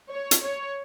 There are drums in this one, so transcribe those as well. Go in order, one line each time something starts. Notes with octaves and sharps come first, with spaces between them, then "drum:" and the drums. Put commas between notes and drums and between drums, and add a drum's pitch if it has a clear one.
C#5
drum: hi-hat
C#5